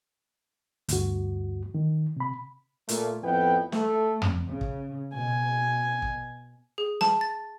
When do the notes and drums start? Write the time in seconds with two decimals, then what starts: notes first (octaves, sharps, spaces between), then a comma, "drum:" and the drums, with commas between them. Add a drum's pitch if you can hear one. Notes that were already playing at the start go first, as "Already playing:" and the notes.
0.89 D2 G2 F#4, drum: hi-hat
1.74 D#3
2.17 C3 B5
2.89 A#2 A3, drum: hi-hat
3.23 F2 A2 B3 E4 G5
3.72 A3, drum: snare
4.22 drum: tom
4.47 C#3
4.61 drum: kick
5.14 B2 G#5
6.02 drum: kick
6.78 G#4
7.01 A5, drum: snare
7.21 A6